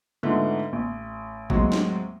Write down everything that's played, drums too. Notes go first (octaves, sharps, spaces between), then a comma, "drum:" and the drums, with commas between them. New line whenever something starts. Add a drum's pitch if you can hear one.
G#2 D3 A3 B3 D#4 F4
A1
D#2 A2 F#3 G#3 C4, drum: kick G#1
drum: snare